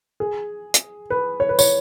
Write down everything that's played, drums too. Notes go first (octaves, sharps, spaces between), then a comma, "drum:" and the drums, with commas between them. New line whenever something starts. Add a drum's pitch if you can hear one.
G#4
drum: hi-hat
B4
C#5
B4
C#5, drum: tambourine